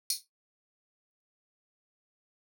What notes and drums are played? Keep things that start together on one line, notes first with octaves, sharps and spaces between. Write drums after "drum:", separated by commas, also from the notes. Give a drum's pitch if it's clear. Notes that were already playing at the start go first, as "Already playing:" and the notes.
E4 F#4 A4 C#6, drum: tambourine